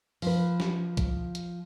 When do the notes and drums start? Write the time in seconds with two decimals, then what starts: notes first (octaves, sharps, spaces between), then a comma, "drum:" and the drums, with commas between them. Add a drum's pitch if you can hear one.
0.22 F3 B4, drum: open hi-hat
0.60 drum: snare
0.97 drum: kick, hi-hat
1.35 drum: hi-hat